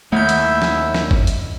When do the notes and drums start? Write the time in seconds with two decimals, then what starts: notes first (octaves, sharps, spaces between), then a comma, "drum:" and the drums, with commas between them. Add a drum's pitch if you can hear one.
0.12 D#2 A3 E4 E5 F#5 G6
0.29 drum: hi-hat
0.62 drum: snare
0.94 drum: snare
1.11 drum: kick G#1
1.27 drum: hi-hat